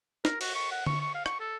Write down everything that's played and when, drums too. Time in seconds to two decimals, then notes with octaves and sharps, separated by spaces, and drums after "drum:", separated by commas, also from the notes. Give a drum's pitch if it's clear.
0.25 A#4, drum: snare
0.41 F#4, drum: cymbal
0.55 C#6
0.71 F#5
0.86 C#6, drum: tom D3
1.01 C#6
1.15 F5
1.26 C#6, drum: rim click
1.40 A4